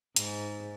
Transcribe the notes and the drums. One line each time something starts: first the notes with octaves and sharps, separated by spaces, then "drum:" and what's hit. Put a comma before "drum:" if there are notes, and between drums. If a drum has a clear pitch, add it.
G#2, drum: hi-hat